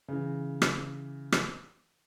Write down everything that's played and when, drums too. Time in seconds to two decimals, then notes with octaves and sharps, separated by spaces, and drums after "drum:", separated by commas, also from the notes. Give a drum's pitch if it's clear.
0.08 C#3 E3
0.62 drum: rim click
1.32 drum: rim click